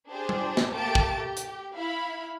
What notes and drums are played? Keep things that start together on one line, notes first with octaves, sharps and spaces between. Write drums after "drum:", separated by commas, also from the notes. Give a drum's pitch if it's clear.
D4 G4 G#4 C5
drum: tom G3
drum: snare
A3 A#3 G4 A5 D7
drum: kick
G4
drum: hi-hat
E4 F5 B5